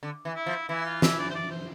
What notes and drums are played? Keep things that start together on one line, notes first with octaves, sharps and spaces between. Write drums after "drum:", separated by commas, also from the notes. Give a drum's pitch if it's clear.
D3
E3
E4
F3
E3 E4
F4
E5, drum: snare
D5
C5
D5
C5